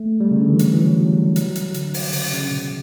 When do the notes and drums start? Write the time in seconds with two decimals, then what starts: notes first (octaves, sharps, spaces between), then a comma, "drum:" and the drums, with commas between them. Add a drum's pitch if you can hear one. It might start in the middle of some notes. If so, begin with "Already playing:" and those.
Already playing: A3
0.20 G3
0.31 C#3
0.41 D3
0.49 E3
0.59 F#3, drum: hi-hat
0.73 E3
0.85 F#3
1.06 F#3
1.11 G3
1.36 F#3, drum: hi-hat
1.55 drum: hi-hat
1.74 D3, drum: hi-hat
1.94 drum: open hi-hat
2.13 C#3, drum: open hi-hat
2.33 C#3, drum: hi-hat
2.51 B2